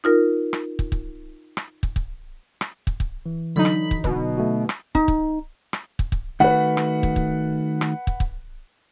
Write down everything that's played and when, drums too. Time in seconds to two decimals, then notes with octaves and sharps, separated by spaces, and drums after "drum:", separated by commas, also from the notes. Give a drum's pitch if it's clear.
0.04 D#4 F4 A#4
0.53 drum: rim click
0.79 drum: kick
0.92 drum: kick
1.57 drum: rim click
1.83 drum: kick
1.96 drum: kick
2.61 drum: rim click
2.87 drum: kick
3.00 drum: kick
3.26 E3
3.56 D3 F#3 D#4 B5
3.65 drum: rim click
3.91 drum: kick
4.04 B2, drum: kick
4.37 A3 F#4
4.69 drum: rim click
4.95 D#4, drum: kick
5.08 drum: kick
5.73 drum: rim click
5.99 drum: kick
6.12 drum: kick
6.40 D#3 A3 F#4 B4 F#5
6.77 drum: rim click
7.03 drum: kick
7.16 drum: kick
7.81 drum: rim click
8.07 drum: kick
8.20 drum: kick